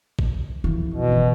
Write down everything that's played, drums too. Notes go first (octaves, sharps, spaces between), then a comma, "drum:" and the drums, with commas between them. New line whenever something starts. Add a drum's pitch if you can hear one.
drum: kick G#1
F2 E3
B2
F#1